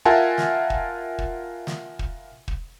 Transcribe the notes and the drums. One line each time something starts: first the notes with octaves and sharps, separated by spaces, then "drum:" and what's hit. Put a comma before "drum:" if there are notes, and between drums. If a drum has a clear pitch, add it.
F4 A#4 E5 F#5 G#5 A5
drum: snare
drum: kick
drum: kick
drum: snare
drum: kick
drum: kick